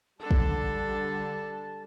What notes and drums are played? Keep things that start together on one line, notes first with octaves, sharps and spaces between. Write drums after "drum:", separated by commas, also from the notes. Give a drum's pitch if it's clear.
D3 G3 D4 A4 A5
drum: kick